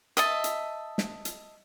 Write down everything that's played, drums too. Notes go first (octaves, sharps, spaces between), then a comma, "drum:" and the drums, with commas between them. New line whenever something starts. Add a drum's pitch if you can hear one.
D#5 E5 A5, drum: hi-hat
drum: hi-hat
drum: snare
drum: hi-hat